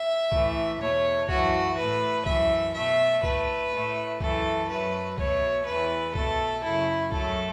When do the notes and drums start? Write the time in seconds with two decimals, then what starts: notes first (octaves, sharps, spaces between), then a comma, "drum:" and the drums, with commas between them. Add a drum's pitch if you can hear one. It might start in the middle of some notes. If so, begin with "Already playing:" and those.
Already playing: E5
0.32 A2 E3 A3, drum: kick
0.80 E2 B2 A3 C#5
1.29 F#2 E3 A3 F#4, drum: kick
1.78 A2 A3 B4
2.26 F#2 E3 A3 E5, drum: kick
2.75 B2 A3 E5
3.23 A2 A3 B4, drum: kick
3.72 A2 A3
4.20 F#2 E3 A3 A4, drum: kick
4.69 F#2 F#3 A3 B4
5.18 B2 A3 C#5, drum: kick
5.66 E2 E3 A3 B4
6.15 B2 A3 A4, drum: kick
6.64 F#2 C#3 A3 E4
7.12 F#2 F#3 A3 A4, drum: kick